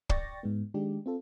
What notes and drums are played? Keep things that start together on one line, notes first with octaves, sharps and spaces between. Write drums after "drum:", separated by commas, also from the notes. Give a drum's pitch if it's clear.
D5 G5 C#6 A6 A#6, drum: kick
G#2 G#3 B3
D#3 G#3 D4 G4
C4 F4 A4